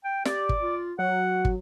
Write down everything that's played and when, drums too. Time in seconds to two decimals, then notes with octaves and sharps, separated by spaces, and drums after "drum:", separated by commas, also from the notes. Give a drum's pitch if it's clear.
0.04 G5
0.25 G4 D5, drum: snare
0.49 drum: kick
0.62 F4
0.99 F#3 F#5
1.45 drum: kick